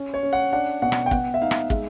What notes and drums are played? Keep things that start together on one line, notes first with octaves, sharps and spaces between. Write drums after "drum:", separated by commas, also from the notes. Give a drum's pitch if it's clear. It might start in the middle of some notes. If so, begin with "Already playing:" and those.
Already playing: C#4
C#5
C#4
F#5
D4 F#5
B2 F#5
drum: rim click
G5
B3 F#5, drum: kick
E5
D#4 F5
drum: rim click
G#3 E5, drum: kick